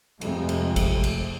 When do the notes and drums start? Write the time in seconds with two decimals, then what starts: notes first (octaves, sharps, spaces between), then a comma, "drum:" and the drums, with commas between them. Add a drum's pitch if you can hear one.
0.21 F2 C3 G#3 A3, drum: cymbal
0.49 drum: cymbal
0.76 drum: kick G#1, cymbal
1.04 drum: cymbal